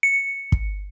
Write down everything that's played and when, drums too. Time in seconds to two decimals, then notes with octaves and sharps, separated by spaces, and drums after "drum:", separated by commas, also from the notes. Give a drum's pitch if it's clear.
0.03 C#7
0.52 drum: kick